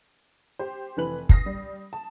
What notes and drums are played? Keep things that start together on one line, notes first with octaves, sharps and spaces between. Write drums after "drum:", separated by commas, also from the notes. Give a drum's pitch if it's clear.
G4 C5
F1 E3 B4 F#7
D#6 A#6 C7, drum: kick
G3
A5